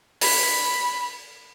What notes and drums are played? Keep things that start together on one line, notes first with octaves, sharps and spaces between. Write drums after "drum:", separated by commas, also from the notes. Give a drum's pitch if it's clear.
B5, drum: open hi-hat